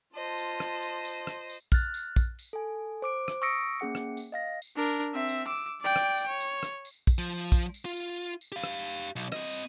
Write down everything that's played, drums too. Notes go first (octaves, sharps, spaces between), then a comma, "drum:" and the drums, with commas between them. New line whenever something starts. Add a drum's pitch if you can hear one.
F4 C5 D#5 A5
drum: tambourine
drum: rim click
drum: tambourine
drum: tambourine
drum: rim click
drum: tambourine
F6 F#6 A6, drum: kick, tambourine
drum: tambourine
drum: kick, tambourine
drum: tambourine
A4 G#5
C5 D6 D7
drum: rim click
C#6 D#6 E6 A#6 C#7 D7
A#3 C#4 G#4 F#5 C#7
drum: rim click
drum: tambourine
D#5 F5 A#6
drum: tambourine
D4 A#4
C4 E5
drum: tambourine
D6 E6
D5 G5
drum: rim click
drum: tambourine
C#5
drum: tambourine
drum: rim click
drum: tambourine
drum: kick, tambourine
F3
drum: tambourine
drum: kick, tambourine
drum: tambourine
F4
drum: tambourine
drum: tambourine
G4 F5
drum: rim click
drum: tambourine
B1
C4 D#5, drum: rim click
drum: tambourine